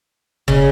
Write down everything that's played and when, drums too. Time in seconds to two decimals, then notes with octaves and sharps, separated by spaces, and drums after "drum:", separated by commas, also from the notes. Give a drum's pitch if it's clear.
0.48 C#3, drum: kick